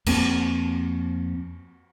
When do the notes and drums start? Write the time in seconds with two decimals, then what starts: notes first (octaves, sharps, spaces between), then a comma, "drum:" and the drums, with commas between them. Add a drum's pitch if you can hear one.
0.06 F2 A#3 C4, drum: cymbal